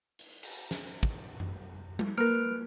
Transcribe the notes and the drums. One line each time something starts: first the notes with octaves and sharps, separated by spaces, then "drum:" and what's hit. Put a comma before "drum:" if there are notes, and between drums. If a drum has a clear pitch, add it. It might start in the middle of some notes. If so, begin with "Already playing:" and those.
drum: hi-hat
drum: cymbal
drum: snare
drum: kick
drum: tom F#2
drum: tom G3
A#3 A#4 B4 F6 D7